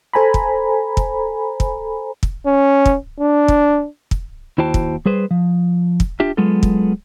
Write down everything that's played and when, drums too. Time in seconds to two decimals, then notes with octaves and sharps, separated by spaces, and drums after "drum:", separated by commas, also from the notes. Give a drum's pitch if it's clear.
0.14 A4 C5 G#5 A#5 B5
0.34 drum: kick
0.97 drum: kick
1.60 drum: kick
2.23 drum: kick
2.46 C#4
2.86 drum: kick
3.20 D4
3.48 drum: kick
4.11 drum: kick
4.58 D#2 E4 F#4 C5 G5 A5
4.74 drum: kick
5.06 G3 G#4 B4 C5
5.31 F3
6.00 drum: kick
6.20 D4 F4 G4 E5
6.37 F#3 G#3 B3 F4 A4
6.63 drum: kick